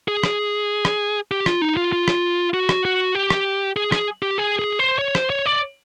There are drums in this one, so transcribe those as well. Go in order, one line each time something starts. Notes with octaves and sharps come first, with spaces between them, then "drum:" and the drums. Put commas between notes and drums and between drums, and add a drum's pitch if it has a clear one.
G#4
drum: rim click
drum: rim click
G4
F4, drum: rim click
D#4
F4
F4
drum: rim click
F#4
drum: rim click
F#4
G4
drum: rim click
G#4
G#4, drum: rim click
G4
G#4
G#4
C5
C#5
C5, drum: rim click
C#5
D5